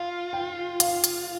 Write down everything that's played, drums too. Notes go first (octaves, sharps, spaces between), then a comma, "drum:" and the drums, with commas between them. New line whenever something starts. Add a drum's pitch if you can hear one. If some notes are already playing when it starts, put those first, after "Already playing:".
Already playing: F4 F5
G5
F5, drum: hi-hat
drum: hi-hat